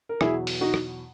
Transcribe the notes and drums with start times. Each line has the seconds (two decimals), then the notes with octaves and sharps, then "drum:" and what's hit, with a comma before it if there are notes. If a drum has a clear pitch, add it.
0.09 A#4
0.21 E2 B2 F#3 E4 G#4, drum: rim click
0.47 drum: open hi-hat
0.61 D#4 F#4
0.74 drum: rim click